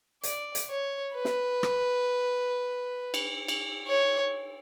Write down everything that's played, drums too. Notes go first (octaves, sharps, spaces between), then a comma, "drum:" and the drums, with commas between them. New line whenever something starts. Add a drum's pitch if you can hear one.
D5, drum: hi-hat
drum: hi-hat
C#5
B4
drum: snare
drum: rim click
drum: cymbal
drum: cymbal
C#5